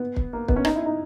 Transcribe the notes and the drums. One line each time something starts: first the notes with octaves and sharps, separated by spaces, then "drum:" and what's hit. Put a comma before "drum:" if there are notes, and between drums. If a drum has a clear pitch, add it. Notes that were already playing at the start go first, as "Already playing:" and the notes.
Already playing: B3
drum: kick
A#3
B3, drum: kick
C#4
D#4, drum: rim click
E4
D#4